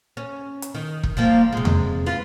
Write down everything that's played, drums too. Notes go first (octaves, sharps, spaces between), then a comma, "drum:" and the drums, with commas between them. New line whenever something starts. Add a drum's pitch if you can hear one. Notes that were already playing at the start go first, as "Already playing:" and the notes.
C#4
drum: hi-hat
D#3
drum: kick E1
F3 G3 A#3
C3 G#3
drum: tom E2
F4 B4